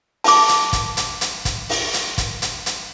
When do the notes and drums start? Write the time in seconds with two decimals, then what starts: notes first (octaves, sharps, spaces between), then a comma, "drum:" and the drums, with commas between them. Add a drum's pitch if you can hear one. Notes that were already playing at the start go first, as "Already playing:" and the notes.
0.24 A5 D6, drum: open hi-hat
0.49 drum: hi-hat
0.73 drum: kick, hi-hat
0.97 drum: hi-hat
1.21 drum: hi-hat
1.45 drum: kick, hi-hat
1.69 drum: open hi-hat
1.94 drum: hi-hat
2.18 drum: kick, hi-hat
2.42 drum: hi-hat
2.66 drum: hi-hat